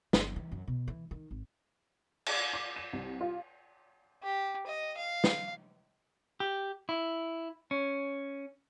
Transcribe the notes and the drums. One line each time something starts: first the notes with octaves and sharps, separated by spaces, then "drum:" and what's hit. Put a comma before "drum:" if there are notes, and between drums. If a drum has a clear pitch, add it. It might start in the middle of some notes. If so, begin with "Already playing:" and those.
G1, drum: snare
E3
F#2
B2
E3
D#3
G#1
drum: cymbal
D6
E7
C2
F4
G4
D#5
F5
drum: snare
G4
E4
C#4